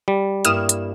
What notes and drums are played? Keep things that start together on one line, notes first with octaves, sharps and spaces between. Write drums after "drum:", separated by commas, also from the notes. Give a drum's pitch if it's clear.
G3
G2 A#3 E4 D#6 F6 E7, drum: hi-hat
drum: hi-hat